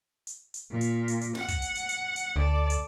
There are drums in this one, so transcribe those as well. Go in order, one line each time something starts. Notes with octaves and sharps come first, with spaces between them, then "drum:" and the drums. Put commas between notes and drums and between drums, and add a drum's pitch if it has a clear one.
drum: hi-hat
drum: hi-hat
A#2
drum: hi-hat
drum: hi-hat
drum: hi-hat
F#5, drum: snare
drum: kick, hi-hat
drum: hi-hat
drum: hi-hat
drum: hi-hat
drum: hi-hat
D2 A4 D5
drum: hi-hat